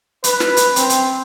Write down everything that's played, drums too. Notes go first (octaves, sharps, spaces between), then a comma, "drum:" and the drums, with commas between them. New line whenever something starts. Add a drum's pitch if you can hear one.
B4, drum: hi-hat
drum: snare
drum: hi-hat
C4, drum: hi-hat
drum: hi-hat